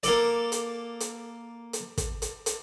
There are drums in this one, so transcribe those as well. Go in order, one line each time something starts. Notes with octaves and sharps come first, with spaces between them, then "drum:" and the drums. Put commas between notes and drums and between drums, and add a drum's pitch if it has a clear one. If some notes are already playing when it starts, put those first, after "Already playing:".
A#3 A4 D5, drum: hi-hat
drum: hi-hat
drum: hi-hat
drum: hi-hat
drum: kick, hi-hat
drum: hi-hat
drum: hi-hat